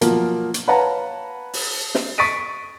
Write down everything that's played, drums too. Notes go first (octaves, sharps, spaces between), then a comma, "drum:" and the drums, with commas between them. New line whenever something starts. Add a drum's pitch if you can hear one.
B2 F3 F#3 A#3, drum: hi-hat
drum: hi-hat
B4 C#5 F5 F#5 A5 A#5
drum: open hi-hat
drum: snare
C#6 A6 B6 D7 D#7